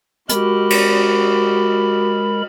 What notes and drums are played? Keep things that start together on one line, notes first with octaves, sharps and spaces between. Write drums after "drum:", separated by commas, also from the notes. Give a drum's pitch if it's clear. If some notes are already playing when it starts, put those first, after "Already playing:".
G#3 F#4 G4 A#4 B5, drum: hi-hat
drum: cymbal